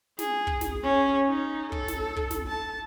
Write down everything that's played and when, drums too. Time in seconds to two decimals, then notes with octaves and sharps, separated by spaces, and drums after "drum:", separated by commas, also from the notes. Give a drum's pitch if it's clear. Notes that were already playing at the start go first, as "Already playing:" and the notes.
0.19 G#4, drum: snare
0.47 drum: kick
0.61 drum: snare
0.83 C#4
1.28 D#4
1.72 A4, drum: kick
1.88 drum: snare
2.16 drum: kick
2.31 drum: snare
2.48 A5